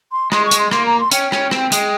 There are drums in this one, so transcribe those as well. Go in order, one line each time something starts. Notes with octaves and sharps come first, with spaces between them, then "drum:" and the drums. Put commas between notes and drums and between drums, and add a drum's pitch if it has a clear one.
C6
G#3 C6, drum: rim click
C#6
G#3, drum: hi-hat
C6
A#3 C6, drum: rim click
A#5
C6
C#4 G5, drum: hi-hat
C#4, drum: rim click
C4, drum: rim click
G#3, drum: hi-hat